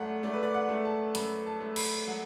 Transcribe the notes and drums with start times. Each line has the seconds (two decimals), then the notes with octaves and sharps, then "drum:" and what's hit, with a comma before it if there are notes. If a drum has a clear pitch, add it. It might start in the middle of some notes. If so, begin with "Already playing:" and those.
Already playing: F#2 A3 D5 F#5
0.23 A3 D5
0.33 B4
0.43 D5
0.54 F#5
0.69 A3
0.85 A5
1.15 F#2 B5, drum: hi-hat
1.46 A5
1.60 A3
1.76 B5, drum: cymbal
2.07 F#3 F#5